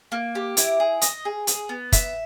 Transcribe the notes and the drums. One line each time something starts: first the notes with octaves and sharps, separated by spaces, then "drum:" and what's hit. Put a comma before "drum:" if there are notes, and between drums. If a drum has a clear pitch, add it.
A#3
G4
E4, drum: hi-hat
G#4
D#5, drum: hi-hat
G#4
G#4, drum: hi-hat
B3
E5, drum: kick, hi-hat